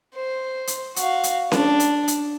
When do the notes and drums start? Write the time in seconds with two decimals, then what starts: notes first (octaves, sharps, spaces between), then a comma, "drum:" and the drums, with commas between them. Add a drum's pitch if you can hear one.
0.15 C5
0.67 drum: hi-hat
0.96 F#4 F5, drum: hi-hat
1.24 drum: hi-hat
1.52 D4, drum: snare C#4
1.80 drum: hi-hat
2.08 drum: hi-hat